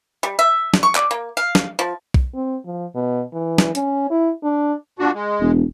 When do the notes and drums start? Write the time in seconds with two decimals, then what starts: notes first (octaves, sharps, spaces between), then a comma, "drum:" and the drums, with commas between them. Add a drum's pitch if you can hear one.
0.23 G3
0.39 E5
0.74 drum: snare
0.83 C#6
0.95 D5, drum: clap
1.11 A#3
1.37 F5
1.55 drum: snare
1.79 F3
2.14 drum: kick
2.34 C4
2.65 F3
2.95 B2
3.33 E3
3.58 drum: snare
3.75 C#4, drum: hi-hat
4.10 E4
4.43 D4
4.99 A#2 D4 F#4
5.14 G#3
5.41 E1